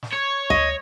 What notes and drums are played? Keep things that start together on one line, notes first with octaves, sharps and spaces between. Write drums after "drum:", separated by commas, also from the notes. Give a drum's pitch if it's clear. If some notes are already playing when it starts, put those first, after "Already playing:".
drum: snare
C#5
D#5, drum: tom D2